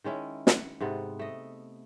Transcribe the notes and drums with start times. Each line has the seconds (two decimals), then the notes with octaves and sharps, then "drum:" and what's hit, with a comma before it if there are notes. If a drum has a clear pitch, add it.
0.04 D#3 G#3 C#4 E4
0.47 F#5, drum: snare
0.81 G#2 C3 B3 A4
1.19 A3 D#5